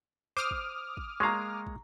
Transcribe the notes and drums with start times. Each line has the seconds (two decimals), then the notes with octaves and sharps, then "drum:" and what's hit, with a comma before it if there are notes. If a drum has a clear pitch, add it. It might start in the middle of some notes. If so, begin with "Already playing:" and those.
0.37 C5 D6 D#6 F6
0.51 drum: kick
0.97 drum: kick
1.20 G#3 A#3 F5 A#5 C6 C#6
1.67 drum: kick